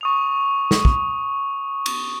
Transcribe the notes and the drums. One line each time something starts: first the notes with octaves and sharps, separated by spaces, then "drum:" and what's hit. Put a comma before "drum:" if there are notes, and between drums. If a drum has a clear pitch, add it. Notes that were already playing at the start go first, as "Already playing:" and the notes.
C#6 D#6 F7
drum: snare
drum: kick
drum: cymbal